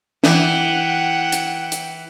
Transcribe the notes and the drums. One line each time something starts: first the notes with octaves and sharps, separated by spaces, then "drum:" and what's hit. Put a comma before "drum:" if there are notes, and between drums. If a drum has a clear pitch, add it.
E3 F#5 G5, drum: snare
drum: hi-hat
drum: hi-hat